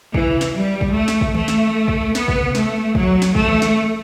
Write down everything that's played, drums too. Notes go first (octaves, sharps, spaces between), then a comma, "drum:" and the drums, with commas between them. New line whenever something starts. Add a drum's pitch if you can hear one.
E3, drum: kick
drum: tom C3
drum: snare
G3
drum: kick
A3
drum: snare
drum: kick
A3, drum: tom D#3
drum: snare
drum: kick
B3, drum: snare
drum: kick
drum: tom C3
A3, drum: snare
F#3, drum: kick
drum: snare
A3, drum: kick
drum: tom D#3
drum: snare